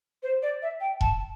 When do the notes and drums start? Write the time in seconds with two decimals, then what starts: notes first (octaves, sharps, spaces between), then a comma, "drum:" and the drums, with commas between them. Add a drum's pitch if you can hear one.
0.23 C5
0.42 D5
0.62 E5
0.80 G5
1.01 A5, drum: kick E1